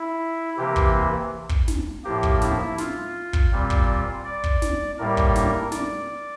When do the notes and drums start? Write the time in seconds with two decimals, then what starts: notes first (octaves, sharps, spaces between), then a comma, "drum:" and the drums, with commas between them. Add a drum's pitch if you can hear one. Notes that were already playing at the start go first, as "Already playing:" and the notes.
Already playing: E4
0.57 C3 E3 A#3 G4
0.76 drum: kick
1.49 drum: kick
1.68 drum: snare
2.05 A2 F3 A#3 G4
2.23 drum: kick
2.42 E4, drum: snare
2.78 F4, drum: snare
3.33 drum: kick
3.52 A#2 G3 C4
3.70 drum: kick
4.25 D5
4.44 drum: kick
4.62 drum: snare
4.99 A2 G3 A#3 A#4
5.17 drum: kick
5.36 drum: snare
5.72 D5, drum: snare